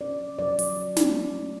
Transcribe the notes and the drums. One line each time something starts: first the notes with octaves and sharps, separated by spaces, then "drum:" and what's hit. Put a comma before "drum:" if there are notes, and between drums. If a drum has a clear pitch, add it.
C#4 D5
F#3
F#3 D5
F#3, drum: open hi-hat
F#3
A3, drum: snare
A3
C#4